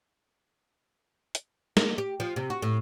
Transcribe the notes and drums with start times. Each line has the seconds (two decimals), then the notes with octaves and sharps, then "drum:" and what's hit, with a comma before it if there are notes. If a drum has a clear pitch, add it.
1.35 drum: hi-hat
1.77 A#3, drum: snare
1.98 G4
2.20 F3
2.36 C3
2.50 F#4
2.62 A2